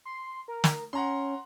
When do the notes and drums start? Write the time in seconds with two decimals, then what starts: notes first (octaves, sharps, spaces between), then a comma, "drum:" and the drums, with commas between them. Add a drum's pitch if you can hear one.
0.05 C6
0.48 A#4
0.64 drum: snare
0.93 C#4 F#5 A#5 C6